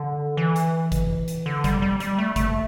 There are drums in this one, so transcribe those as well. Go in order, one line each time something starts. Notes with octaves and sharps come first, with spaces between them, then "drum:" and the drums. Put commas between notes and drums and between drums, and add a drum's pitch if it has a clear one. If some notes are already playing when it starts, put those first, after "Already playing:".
Already playing: D3
E3
drum: hi-hat
drum: kick, hi-hat
drum: hi-hat
D3
G3, drum: kick, hi-hat
G3
G3, drum: hi-hat
A3
A3, drum: kick, hi-hat